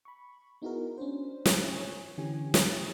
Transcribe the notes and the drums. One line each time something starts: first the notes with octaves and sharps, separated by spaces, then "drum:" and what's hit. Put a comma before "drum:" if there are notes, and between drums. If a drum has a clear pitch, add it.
B5 C#6
B3 D#4 E4 F#4 G#4 A#4
C#4 D4 C5
drum: snare
C#5 G#5
D3 E3 C#4 G4 G#5
drum: snare
D#6 A6